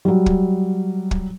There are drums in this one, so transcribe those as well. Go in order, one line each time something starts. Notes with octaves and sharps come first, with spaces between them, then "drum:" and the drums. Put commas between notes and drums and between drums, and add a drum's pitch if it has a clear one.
F#3 G3
drum: kick
drum: kick